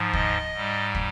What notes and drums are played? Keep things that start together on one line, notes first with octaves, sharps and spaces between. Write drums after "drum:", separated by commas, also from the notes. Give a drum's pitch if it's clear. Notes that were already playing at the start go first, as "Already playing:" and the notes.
Already playing: G#2 F3
D#5, drum: kick
G#2 G3
drum: kick